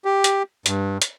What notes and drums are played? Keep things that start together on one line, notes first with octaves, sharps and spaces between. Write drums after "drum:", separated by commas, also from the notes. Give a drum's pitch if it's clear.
G4
drum: hi-hat
G2, drum: hi-hat
drum: hi-hat